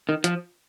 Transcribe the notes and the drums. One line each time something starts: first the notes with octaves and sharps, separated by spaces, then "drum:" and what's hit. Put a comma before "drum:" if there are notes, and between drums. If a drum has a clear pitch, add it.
D#3
F3, drum: hi-hat